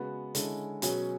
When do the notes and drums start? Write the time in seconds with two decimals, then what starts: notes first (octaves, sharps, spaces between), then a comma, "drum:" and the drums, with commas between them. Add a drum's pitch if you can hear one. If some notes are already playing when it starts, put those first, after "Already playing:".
Already playing: C#3 G#3 B3 F#4
0.35 D3 G#3 C#4 E4 A4, drum: hi-hat
0.82 B2 F#3 C#4 G#4, drum: hi-hat